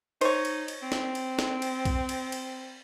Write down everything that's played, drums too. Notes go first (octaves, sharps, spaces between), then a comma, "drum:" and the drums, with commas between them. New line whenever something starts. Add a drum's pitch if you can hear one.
D#4 C5 C#5, drum: cymbal
drum: cymbal
drum: cymbal
C4
drum: snare
drum: cymbal
drum: snare
drum: cymbal
drum: kick B1, cymbal
drum: cymbal
drum: cymbal